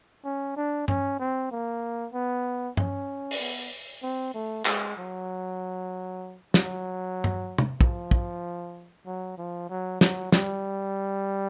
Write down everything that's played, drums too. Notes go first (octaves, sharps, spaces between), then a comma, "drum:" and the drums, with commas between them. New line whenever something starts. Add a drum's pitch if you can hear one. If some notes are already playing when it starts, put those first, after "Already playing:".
C#4
D4
C#4, drum: tom G2
C4
A#3
B3
C#4, drum: tom G2
drum: open hi-hat
B3
C4
A3
G#3, drum: clap
F#3
F#3, drum: snare
drum: tom G2
drum: tom
F3, drum: kick
drum: kick
F#3
F3
F#3
F#3, drum: snare
G3, drum: snare